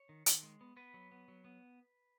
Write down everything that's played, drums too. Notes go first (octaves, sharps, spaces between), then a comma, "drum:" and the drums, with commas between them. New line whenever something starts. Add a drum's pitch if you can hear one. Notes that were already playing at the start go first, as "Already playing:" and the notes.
Already playing: C#5
D#3
D#3, drum: hi-hat
G#3
B3
B3 B4
F#3
B3
F#3
B3